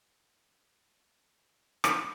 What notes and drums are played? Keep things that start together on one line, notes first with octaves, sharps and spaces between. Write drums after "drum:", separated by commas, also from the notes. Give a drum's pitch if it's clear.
G#4
G1 D3 D#6 D7
drum: rim click